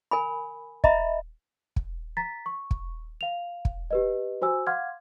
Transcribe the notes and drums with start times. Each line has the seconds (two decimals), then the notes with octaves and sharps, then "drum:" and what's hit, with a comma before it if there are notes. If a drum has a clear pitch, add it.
0.11 A#4 G#5 B5
0.84 D#5 E5 A#5 B5, drum: kick
1.76 drum: kick
2.17 A#5 A6 B6
2.46 C#6
2.71 drum: kick
3.21 F5 F7
3.65 drum: kick
3.91 G4 B4 D#5
4.42 F#4 C5 G#5 E6
4.67 F5 F#5 C6 D6 F6 G#6